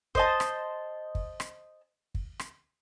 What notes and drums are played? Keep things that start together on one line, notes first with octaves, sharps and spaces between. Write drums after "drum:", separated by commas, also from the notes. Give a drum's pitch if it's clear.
C5 D#5 A5, drum: kick
drum: rim click
drum: kick
drum: rim click
drum: kick
drum: rim click